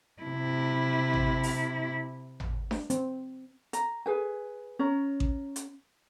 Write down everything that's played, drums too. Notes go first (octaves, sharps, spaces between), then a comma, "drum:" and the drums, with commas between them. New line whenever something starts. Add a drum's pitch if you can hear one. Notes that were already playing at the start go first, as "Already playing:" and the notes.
C3 E4
drum: tom G#1
drum: open hi-hat
drum: tom G#1
drum: snare D4
C4, drum: hi-hat
A#5, drum: hi-hat
G#4 B4 G#5
C#4 C#5 A#5
drum: kick A1
drum: hi-hat